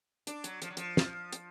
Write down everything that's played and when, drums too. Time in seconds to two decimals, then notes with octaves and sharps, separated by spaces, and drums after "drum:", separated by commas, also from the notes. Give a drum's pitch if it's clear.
0.27 D4, drum: hi-hat
0.44 F#3, drum: hi-hat
0.62 F3, drum: hi-hat
0.70 F#3
0.77 F3, drum: hi-hat
0.97 drum: snare
1.33 drum: hi-hat